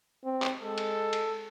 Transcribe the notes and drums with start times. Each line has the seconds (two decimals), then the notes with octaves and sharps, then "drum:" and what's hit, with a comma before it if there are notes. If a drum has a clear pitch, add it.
0.25 C4
0.42 drum: clap
0.63 G#3 A4
0.78 drum: cymbal
1.13 drum: cymbal